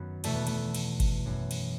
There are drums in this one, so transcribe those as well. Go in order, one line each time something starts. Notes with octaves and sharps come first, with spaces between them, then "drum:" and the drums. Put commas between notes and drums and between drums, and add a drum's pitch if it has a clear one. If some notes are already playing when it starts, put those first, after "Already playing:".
Already playing: F#2 D#3 B3
E2 B2 A3, drum: cymbal
B3
A3, drum: cymbal
drum: cymbal
drum: kick G1, cymbal
F#2 E3
drum: cymbal